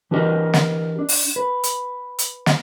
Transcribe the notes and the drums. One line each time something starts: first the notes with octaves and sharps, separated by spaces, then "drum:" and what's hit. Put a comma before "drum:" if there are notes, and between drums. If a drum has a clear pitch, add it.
E3 D4 G4 A#4 D#5
drum: snare
D4
drum: open hi-hat
B4
drum: hi-hat
drum: hi-hat
drum: snare